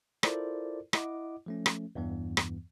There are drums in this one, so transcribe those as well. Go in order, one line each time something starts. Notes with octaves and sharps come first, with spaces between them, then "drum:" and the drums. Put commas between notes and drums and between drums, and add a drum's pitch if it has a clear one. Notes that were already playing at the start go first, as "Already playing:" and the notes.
E4 F4 A4 A#4 C5 D5, drum: rim click
E4 D#5 F#5 D6, drum: rim click
F3 A3 C#4
drum: rim click
E2 G2 E3 B3
drum: rim click